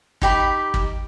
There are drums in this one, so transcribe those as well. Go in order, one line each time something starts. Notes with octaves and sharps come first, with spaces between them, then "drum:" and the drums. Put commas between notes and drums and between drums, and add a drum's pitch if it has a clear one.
D#4 G4 B5, drum: kick
drum: kick